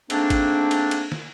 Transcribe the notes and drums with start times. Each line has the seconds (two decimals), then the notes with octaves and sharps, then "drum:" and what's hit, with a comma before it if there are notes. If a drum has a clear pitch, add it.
0.10 G#2 A3 A#3 C4 D4, drum: cymbal
0.30 drum: kick G#1, cymbal
0.71 drum: cymbal
0.91 drum: cymbal
1.12 drum: snare